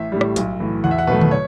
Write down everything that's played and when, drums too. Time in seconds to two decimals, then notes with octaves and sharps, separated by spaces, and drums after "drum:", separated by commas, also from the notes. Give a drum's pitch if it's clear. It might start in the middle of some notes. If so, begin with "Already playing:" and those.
Already playing: A1 E5
0.12 A2 G3
0.21 drum: rim click
0.36 B1, drum: hi-hat
0.60 A2 E3
0.84 E2 F#5
0.91 E5
0.98 F#5
1.07 B2 F#3 A3 B4
1.21 drum: tom D3
1.31 C#5